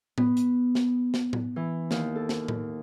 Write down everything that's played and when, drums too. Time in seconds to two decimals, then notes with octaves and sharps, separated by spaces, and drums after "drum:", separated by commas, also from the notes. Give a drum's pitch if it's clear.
0.18 B3, drum: tom A2
0.37 drum: hi-hat
0.75 drum: snare
1.14 drum: snare
1.33 drum: tom A2
1.56 E3
1.91 D#2, drum: snare
2.15 A4
2.29 drum: snare
2.48 drum: tom A2